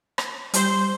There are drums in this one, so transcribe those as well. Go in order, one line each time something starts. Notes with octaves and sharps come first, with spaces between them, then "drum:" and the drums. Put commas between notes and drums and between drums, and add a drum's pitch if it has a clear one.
drum: rim click
G3 C5, drum: hi-hat